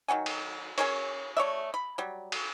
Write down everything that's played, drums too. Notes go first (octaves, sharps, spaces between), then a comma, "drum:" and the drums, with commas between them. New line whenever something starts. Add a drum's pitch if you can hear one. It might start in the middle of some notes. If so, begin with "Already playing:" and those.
D#3 F#3 F#5 G#5
drum: cymbal
C#4 G#4 A#4 C#5, drum: cymbal
A3 C#5 D5 E5
B5
F#3 G3
drum: cymbal